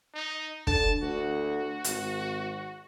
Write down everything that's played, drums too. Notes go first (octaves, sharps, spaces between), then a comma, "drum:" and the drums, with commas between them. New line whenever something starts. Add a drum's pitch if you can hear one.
D#4
D3 A5, drum: kick
D2 F#4
G#1, drum: hi-hat